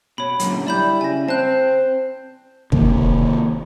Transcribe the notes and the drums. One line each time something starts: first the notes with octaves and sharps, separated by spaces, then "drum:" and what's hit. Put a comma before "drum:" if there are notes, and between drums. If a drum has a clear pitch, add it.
B2 C#5 B5
F#2 A#2 D3, drum: hi-hat
G3 E4 D5 B5 G6
C#3 G#5 A#6
C4 C5 A5 F#6
C3 D#3 A#3, drum: kick